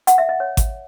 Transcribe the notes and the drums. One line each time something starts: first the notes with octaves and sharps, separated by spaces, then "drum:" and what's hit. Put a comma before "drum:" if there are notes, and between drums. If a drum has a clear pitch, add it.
F#5, drum: hi-hat
E5
D#5
C#5
drum: kick G#1, hi-hat